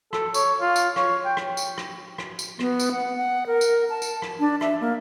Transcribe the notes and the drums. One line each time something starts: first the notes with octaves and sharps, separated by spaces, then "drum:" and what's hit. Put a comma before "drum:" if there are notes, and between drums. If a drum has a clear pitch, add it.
A4, drum: rim click
C#5, drum: tambourine
F4
drum: tambourine
C#5, drum: rim click
G5
drum: rim click
drum: tambourine
drum: rim click
drum: rim click
drum: tambourine
B3, drum: rim click
drum: tambourine
F#5
F#5
A#4
drum: tambourine
A5
drum: tambourine
drum: rim click
D4
E5, drum: rim click
A#3